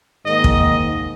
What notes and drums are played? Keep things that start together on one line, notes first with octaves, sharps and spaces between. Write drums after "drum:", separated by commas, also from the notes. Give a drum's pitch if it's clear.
G#2 D#3 A#3 D#5
drum: kick